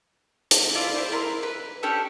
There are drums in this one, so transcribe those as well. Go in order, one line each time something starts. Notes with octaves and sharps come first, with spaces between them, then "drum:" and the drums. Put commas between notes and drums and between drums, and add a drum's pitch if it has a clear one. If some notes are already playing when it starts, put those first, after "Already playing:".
drum: hi-hat
E4 F4 D5
E4 C5
E4 A#4 C6
B4
C#4 D4 G4 A4